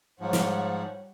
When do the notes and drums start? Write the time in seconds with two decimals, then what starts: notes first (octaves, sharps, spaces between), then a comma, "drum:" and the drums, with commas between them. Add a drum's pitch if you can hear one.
0.20 G#2 F3 G3 C#5 F#5
0.33 drum: snare